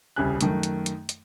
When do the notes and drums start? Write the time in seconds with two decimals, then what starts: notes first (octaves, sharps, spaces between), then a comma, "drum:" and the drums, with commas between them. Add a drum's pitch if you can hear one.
0.16 D#1 C2 C#3 G3 G#5 F#6
0.41 F#2 D#3 A3, drum: hi-hat
0.63 drum: hi-hat
0.86 drum: hi-hat
1.09 drum: hi-hat